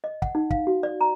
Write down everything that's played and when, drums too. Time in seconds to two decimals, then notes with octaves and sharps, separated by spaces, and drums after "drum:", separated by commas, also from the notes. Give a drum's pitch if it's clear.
0.04 D#5
0.22 F#5, drum: kick
0.35 D#4
0.50 F5, drum: kick
0.67 F#4
0.83 D5
1.01 A#5